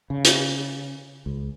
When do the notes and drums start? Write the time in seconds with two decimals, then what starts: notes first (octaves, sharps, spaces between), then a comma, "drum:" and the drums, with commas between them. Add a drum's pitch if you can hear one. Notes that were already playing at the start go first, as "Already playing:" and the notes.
0.10 C#3
0.25 drum: hi-hat
1.26 C#2